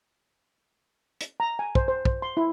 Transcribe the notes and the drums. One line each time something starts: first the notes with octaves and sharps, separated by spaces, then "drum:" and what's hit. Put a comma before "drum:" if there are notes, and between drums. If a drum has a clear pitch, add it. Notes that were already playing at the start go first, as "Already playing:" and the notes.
drum: hi-hat
A#5
G#5
C5, drum: kick
C5
C5, drum: kick
C6
E4